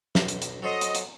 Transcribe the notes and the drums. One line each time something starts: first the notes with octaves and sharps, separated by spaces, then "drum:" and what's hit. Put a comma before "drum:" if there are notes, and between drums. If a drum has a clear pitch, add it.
B1 D#5, drum: snare
drum: hi-hat
drum: hi-hat
F#3 A4 C5 D#5
drum: hi-hat
drum: hi-hat